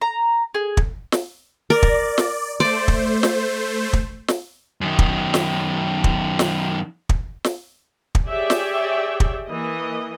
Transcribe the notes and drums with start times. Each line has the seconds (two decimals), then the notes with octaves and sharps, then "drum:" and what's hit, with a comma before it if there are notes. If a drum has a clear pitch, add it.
0.01 A#5
0.54 G#4
0.77 drum: kick
1.12 drum: snare
1.70 A#4 D5
1.83 drum: kick
2.18 drum: snare
2.60 A3 C5 D5
2.88 drum: kick
3.23 drum: snare
3.93 drum: kick
4.28 drum: snare
4.81 F#2 D#3
4.99 drum: kick
5.34 drum: snare
6.04 drum: kick
6.39 drum: snare
7.09 drum: kick
7.44 drum: snare
8.15 drum: kick
8.29 G4 G#4 C#5 D5 E5 G5
8.50 drum: snare
9.20 drum: kick
9.47 E3 A#3 D#5